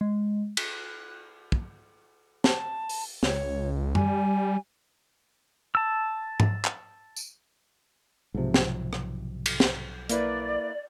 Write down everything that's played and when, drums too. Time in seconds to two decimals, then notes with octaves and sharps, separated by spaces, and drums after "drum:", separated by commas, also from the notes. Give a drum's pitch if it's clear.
0.01 G#3
0.57 F#6, drum: cymbal
1.52 drum: kick
2.44 A5, drum: snare
2.89 drum: open hi-hat
3.23 C#2 C#5, drum: snare
3.95 G3 G#5, drum: tom F#2
5.75 A5 E6
6.40 drum: tom G#2
6.65 drum: clap
7.16 drum: tambourine
8.34 B1 G#2 C3 F3
8.54 drum: snare
8.93 drum: rim click
9.46 drum: cymbal
9.60 drum: snare
10.09 A#3 E4 B4 D5, drum: hi-hat